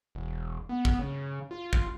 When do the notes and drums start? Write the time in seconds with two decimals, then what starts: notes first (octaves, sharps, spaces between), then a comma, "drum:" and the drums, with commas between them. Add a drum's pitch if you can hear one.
0.15 E1
0.69 B3
0.85 drum: kick
0.99 C#3
1.51 F4
1.73 drum: kick